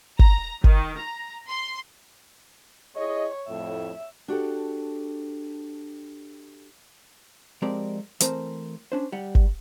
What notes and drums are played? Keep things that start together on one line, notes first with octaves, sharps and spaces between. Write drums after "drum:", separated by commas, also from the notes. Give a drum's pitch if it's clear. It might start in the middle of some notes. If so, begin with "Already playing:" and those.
A#5, drum: kick G1
D#3, drum: kick G1
A#5
C6
E4 G#4 C#5 D#5
F2 A2 E5
D4 F#4 G4 A4
F3 G#3 C4 G4 A#4 D5
E3 A3 C4 A#4 C5, drum: hi-hat
C#4 D4 C5
G3 F#5
drum: kick G1